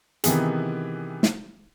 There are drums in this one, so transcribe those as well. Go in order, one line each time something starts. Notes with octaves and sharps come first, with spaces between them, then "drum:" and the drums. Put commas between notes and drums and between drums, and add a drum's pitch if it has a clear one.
C3 D#3 E3 B3 G#4, drum: hi-hat
drum: snare